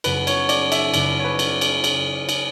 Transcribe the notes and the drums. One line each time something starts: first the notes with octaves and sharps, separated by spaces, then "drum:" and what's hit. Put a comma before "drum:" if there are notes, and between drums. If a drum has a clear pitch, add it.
F#2 C#3 F#3 B3 B4, drum: cymbal
C#5, drum: cymbal
D5, drum: cymbal
E5, drum: cymbal
F#2 C#3 F#3 B3, drum: cymbal
C#5
B4
drum: cymbal
drum: cymbal
drum: cymbal
drum: cymbal